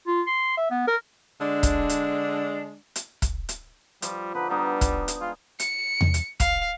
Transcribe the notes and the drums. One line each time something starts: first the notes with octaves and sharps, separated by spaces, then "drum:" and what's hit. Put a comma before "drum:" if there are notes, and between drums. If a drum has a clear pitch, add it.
F4
C6
E5
B3
A#4
D3 G#3 D4
drum: kick, hi-hat
drum: hi-hat
drum: hi-hat
drum: kick, hi-hat
drum: hi-hat
F3 G3, drum: hi-hat
D3 D4 D#4 B4
G3 B3 D4 D#4
drum: kick, hi-hat
drum: hi-hat
G#3 F4
C#7, drum: hi-hat
drum: tom E2
drum: hi-hat
F5, drum: kick, hi-hat